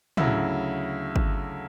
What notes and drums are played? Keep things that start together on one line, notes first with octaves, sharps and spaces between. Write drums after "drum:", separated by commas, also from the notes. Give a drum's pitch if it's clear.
D2 C#3 F#3 E4, drum: tom
drum: kick